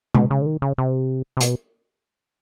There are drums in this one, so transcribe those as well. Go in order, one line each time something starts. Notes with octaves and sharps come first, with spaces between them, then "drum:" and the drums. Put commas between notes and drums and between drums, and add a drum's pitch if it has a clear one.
B2, drum: tom
C#3
D3
D#3
C#3
C3
C3
B2, drum: hi-hat